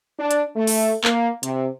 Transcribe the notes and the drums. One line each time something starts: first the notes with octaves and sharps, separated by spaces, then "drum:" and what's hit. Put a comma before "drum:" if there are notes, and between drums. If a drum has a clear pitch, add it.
D4
drum: hi-hat
A3
drum: open hi-hat
A#3, drum: clap
C3, drum: hi-hat